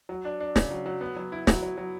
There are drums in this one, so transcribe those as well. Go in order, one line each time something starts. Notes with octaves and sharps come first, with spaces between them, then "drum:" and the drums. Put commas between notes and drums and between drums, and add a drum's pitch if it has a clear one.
F#3
D4
D4
C#3, drum: snare
F#3
F#3
B3
F#3
E4
F#3, drum: snare
F#3
F#3